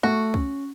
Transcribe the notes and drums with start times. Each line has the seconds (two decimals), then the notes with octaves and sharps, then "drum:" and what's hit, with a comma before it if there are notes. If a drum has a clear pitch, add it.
0.03 A3 F#4
0.34 C#4, drum: kick